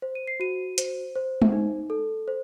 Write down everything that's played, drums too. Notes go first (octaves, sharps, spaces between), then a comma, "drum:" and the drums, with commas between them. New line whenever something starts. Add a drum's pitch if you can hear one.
C5
D#7
C7
F#4 D#7
C5, drum: hi-hat
C5
drum: tom G#3
D#4
A4
C5